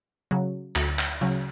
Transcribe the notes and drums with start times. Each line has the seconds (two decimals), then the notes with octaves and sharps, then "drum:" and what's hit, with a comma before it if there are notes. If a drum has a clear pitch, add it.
0.31 C#3 F#3
0.76 D2, drum: clap
0.99 drum: clap
1.21 C#3 F#3, drum: hi-hat